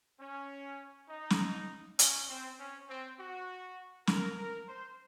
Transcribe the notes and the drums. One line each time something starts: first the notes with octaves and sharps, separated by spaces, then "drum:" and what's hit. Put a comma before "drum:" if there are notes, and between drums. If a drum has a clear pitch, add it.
C#4
D#4
drum: snare
C#4, drum: hi-hat
C4
C#4
C4
F#4
A#4, drum: snare
A#4
C5